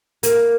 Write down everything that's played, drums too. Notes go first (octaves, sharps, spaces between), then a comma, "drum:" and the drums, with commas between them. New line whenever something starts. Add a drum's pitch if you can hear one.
A#3, drum: hi-hat